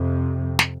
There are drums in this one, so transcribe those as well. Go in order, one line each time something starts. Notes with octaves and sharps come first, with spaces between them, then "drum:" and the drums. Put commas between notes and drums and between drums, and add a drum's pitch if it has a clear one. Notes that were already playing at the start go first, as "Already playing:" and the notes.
Already playing: F2 C3
drum: snare